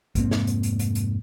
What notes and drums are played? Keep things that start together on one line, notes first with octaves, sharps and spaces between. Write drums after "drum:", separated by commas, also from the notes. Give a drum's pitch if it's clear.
F1 G#2 A#3 C4, drum: kick A1, hi-hat
drum: snare
drum: hi-hat
drum: hi-hat
drum: hi-hat
drum: hi-hat